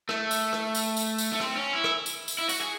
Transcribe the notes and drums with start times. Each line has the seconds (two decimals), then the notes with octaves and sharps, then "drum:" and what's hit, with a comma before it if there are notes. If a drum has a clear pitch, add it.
0.09 A3, drum: rim click
0.31 drum: tambourine
0.53 drum: rim click
0.75 drum: tambourine
0.97 drum: tambourine
1.18 drum: tambourine
1.33 A3
1.40 C4, drum: rim click
1.56 C#4
1.73 E4
1.84 drum: rim click
2.06 drum: tambourine
2.28 drum: tambourine
2.38 E4
2.49 F#4, drum: tambourine
2.61 G#4